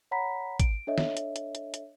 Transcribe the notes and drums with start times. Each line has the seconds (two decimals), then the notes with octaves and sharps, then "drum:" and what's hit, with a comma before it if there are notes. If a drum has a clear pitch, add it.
0.11 C#5 F#5 A#5 B5 B6
0.60 D7, drum: kick, hi-hat
0.87 D4 A4 C#5 D#5 E5
0.98 drum: snare
1.17 drum: hi-hat
1.36 drum: hi-hat
1.55 drum: hi-hat
1.74 drum: hi-hat